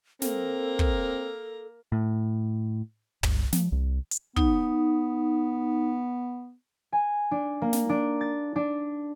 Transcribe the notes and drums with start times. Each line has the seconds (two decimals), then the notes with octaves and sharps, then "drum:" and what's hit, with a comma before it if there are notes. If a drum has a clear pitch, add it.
0.22 A#3 C4 A4 A#5, drum: snare
0.79 drum: kick
1.92 A2
3.23 G1, drum: tom
3.52 F3, drum: snare
3.72 C2
4.11 drum: hi-hat
4.36 B3 D#4, drum: kick
6.92 G#5
7.31 D4
7.62 A#3
7.73 drum: snare
7.89 D4
8.21 A6
8.56 D4